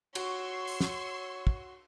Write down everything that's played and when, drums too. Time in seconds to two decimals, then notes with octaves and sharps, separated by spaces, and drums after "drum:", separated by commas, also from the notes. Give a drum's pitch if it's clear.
0.15 F#4 C#5 C6 C#6 E6, drum: cymbal
0.68 drum: open hi-hat
0.81 drum: snare
1.47 drum: kick